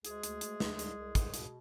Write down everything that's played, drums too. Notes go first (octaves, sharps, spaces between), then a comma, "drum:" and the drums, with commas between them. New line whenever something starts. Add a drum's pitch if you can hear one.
D2 G#3 G#4, drum: hi-hat
D2, drum: hi-hat
D2, drum: hi-hat
D2, drum: snare
C2, drum: hi-hat
C2
C2, drum: kick, hi-hat
B2, drum: hi-hat